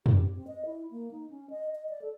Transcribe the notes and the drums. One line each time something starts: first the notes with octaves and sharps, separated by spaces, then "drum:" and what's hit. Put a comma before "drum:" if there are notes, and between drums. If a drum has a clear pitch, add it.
G4, drum: tom
C4
D#5
E4
A#3
D#4
C#4
D#5
D#5
D5
A4